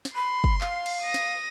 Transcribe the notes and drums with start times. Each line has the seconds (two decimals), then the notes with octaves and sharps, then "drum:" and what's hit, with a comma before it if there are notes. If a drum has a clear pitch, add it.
0.05 drum: snare
0.15 B5 C6
0.44 drum: kick
0.61 F5, drum: clap
0.86 drum: cymbal
1.01 D#6 A#6
1.14 drum: snare